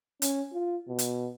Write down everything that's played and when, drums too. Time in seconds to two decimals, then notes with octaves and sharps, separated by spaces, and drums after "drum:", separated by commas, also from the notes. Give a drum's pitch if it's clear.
0.22 C#4, drum: hi-hat
0.52 F4
0.88 B2
0.99 drum: hi-hat